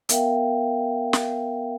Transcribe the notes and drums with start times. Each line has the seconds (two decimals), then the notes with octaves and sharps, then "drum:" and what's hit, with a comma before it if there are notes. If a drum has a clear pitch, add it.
0.09 B3 A#4 E5 F5 G5, drum: hi-hat
1.13 drum: snare